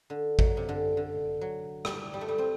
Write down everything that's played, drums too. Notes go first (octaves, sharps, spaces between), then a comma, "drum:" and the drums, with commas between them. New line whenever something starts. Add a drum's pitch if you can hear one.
D3
F#3, drum: kick A1
C3
D3
D3
F#3
G3, drum: rim click
G3
A3
G3
C4